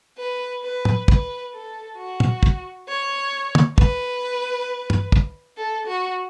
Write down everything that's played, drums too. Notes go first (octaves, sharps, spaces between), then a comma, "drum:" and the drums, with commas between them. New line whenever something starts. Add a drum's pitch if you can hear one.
B4
B4
drum: tom
B4, drum: kick
A4
F#4
drum: tom
drum: kick
C#5
drum: tom
B4, drum: kick
drum: tom
drum: kick
A4
F#4